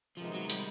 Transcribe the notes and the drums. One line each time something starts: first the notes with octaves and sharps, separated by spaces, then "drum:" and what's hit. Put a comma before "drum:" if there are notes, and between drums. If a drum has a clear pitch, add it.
C3 D#3 F3 G#3 B3 D#4
F#3
G3, drum: hi-hat